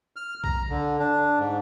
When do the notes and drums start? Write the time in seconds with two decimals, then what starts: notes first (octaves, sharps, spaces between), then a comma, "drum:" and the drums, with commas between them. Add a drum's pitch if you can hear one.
0.16 F6
0.44 A#5, drum: kick B1
0.70 D3
1.00 D4
1.39 G#2